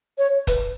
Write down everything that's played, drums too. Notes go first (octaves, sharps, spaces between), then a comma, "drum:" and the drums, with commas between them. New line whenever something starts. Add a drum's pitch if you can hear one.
C#5
B4, drum: kick, hi-hat